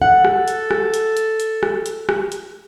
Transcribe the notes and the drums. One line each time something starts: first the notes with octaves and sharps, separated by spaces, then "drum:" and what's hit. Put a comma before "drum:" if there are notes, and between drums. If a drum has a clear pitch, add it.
A4 F#5
drum: rim click
drum: hi-hat
drum: rim click
drum: hi-hat
drum: hi-hat
drum: hi-hat
drum: rim click
drum: hi-hat
drum: rim click
drum: hi-hat